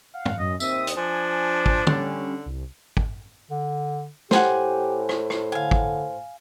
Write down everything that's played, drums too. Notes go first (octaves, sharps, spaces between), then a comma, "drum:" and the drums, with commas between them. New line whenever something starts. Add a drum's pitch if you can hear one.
F5 F#5
drum: tom
F#2 D#5
D#2 C4 E5 D#6, drum: tambourine
drum: hi-hat
F3 D4 G#5
drum: kick
D3 G3 C#4, drum: tom
C2
drum: kick
D3
A2 G4 C5 F#5 G#5 C6, drum: snare
drum: rim click
drum: rim click
D3 F5 G#5
drum: kick